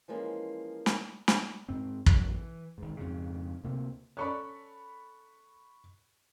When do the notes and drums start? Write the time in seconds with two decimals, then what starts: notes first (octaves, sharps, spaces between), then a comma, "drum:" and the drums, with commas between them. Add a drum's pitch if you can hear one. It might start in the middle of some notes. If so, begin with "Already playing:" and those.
0.08 E3 F3 G#3 A#3 C#4
0.86 drum: snare
1.28 drum: snare
1.69 G#2 C4
2.06 F#2 B2 E3 F#3, drum: kick
2.34 E3
2.78 G#1 G#2
2.97 F2 G#2 C#3
3.64 D2 C3 A#3 C4
4.17 C#4 A4 D5 B5 C#6 F#6